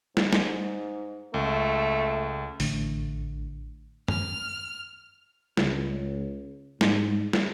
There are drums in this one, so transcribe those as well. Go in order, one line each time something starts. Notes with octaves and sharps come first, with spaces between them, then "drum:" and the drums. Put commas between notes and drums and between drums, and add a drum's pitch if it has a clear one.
G#2, drum: snare
drum: snare
C#2 A3
A1 A2 D3, drum: open hi-hat
F6, drum: tom
C#2, drum: snare
G#2, drum: snare
drum: snare